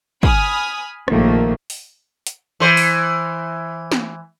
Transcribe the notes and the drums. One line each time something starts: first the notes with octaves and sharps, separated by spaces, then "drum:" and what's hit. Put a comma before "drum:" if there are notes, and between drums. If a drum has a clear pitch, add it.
G#5 B5 D#6 F6, drum: kick
A#1 A#2 D#3 F3 A3 A#3, drum: rim click
drum: open hi-hat
drum: hi-hat
E3 C5
drum: open hi-hat
drum: snare